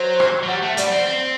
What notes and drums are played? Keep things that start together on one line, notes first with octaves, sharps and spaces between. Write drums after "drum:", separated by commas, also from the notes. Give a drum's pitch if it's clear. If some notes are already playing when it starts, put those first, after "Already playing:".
Already playing: F#3 C5
drum: rim click
F#3
G3 F#5
A3
G3 D5, drum: hi-hat
C4
C4